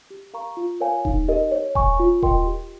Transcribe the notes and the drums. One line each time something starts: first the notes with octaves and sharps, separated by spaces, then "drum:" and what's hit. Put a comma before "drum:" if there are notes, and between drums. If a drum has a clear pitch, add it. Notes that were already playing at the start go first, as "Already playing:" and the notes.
G4
A#4 F5 A#5 C#6
F4
A#4 C#5 F5 G#5
D#4, drum: kick D#1
G4 A#4 D#5
C#5
G#5 C#6, drum: kick D#1
F4
A#4 D#5 G5 C6, drum: kick D#1
G4